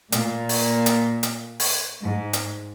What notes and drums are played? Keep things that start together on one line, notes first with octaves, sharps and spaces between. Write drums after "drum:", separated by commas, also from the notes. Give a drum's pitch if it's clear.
A#2, drum: hi-hat
drum: open hi-hat
drum: hi-hat
drum: hi-hat
drum: open hi-hat
G#2
drum: hi-hat